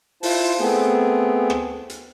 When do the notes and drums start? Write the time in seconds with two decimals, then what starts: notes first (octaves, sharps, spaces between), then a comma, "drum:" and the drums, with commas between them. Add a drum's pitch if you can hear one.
0.23 E4 F4 C5 A5, drum: open hi-hat
0.60 A3 B3 C4 G#4
1.50 drum: rim click
1.90 drum: hi-hat